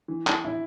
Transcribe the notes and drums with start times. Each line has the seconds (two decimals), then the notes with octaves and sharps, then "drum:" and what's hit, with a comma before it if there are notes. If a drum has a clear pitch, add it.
0.08 E3
0.27 drum: clap
0.45 E4